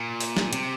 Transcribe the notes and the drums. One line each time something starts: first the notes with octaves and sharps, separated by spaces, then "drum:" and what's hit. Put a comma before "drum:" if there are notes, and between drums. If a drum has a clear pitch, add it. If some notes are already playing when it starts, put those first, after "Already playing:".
Already playing: A#2
drum: open hi-hat
drum: snare
C3, drum: hi-hat